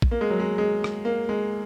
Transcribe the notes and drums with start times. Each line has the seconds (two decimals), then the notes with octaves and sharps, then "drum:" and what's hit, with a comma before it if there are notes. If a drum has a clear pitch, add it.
0.02 drum: kick A#1
0.11 A#3
0.21 G#3
0.30 F#3
0.40 G#3
0.58 G#3
0.84 drum: rim click
1.05 A#3
1.29 G#3